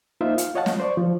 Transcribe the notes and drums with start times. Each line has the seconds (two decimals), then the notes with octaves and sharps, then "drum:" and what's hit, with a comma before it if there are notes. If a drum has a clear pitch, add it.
0.21 A#3 D#4 F4 C5 E5
0.38 F5, drum: hi-hat
0.55 F4 C#5 D#5 F5 F#5 A5
0.66 drum: snare
0.80 C5 D5 C#6
0.97 F3